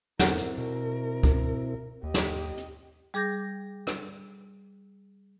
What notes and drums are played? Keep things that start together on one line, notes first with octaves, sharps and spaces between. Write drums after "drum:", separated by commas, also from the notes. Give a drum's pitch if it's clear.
E2 C4 E4 A#4, drum: snare
drum: hi-hat
B2 A#4
drum: kick
D#2 G4 D#5
drum: snare
drum: hi-hat
G3 G#4 D6 G6 A#6
drum: rim click